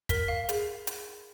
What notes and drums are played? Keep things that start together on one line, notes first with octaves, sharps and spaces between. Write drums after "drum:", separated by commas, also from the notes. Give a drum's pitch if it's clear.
A#4 B6, drum: kick, hi-hat
F5
G#4, drum: hi-hat
drum: hi-hat